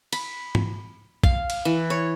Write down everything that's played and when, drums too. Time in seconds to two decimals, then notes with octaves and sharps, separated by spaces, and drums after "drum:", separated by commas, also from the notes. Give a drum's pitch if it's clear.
0.13 B5, drum: cymbal
0.55 drum: tom G#2
1.24 F5, drum: kick
1.50 drum: cymbal
1.65 E3
1.90 C#5